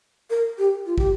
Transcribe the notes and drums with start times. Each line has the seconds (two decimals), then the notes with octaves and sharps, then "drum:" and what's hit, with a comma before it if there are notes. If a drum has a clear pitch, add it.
0.30 A#4
0.58 G4
0.86 F4
0.98 G4, drum: kick